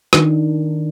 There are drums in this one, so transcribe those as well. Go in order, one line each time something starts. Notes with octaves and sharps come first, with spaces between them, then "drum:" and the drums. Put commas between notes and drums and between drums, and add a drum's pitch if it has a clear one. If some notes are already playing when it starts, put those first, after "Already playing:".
D#3 D4, drum: rim click